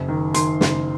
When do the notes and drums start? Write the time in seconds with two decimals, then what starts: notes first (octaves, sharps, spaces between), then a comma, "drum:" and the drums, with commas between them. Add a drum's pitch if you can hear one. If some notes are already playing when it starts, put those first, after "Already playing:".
Already playing: F#1
0.08 D#3
0.34 D#3 C6, drum: hi-hat
0.61 F#1, drum: snare